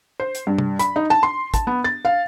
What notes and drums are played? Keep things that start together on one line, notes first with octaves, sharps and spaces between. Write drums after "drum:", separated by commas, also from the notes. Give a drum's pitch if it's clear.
C5
drum: hi-hat
G2
drum: tom
B5, drum: hi-hat
D#4
A5
C6
A5, drum: kick, hi-hat
B3
A6
F5